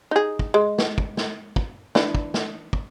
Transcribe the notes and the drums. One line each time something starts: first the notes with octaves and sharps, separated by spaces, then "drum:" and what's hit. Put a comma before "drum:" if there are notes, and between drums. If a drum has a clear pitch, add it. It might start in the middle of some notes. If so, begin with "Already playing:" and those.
D#4 G#4
drum: kick
G#3
drum: snare
drum: kick
drum: snare
drum: kick
E3 D4, drum: snare
drum: kick
drum: snare
drum: kick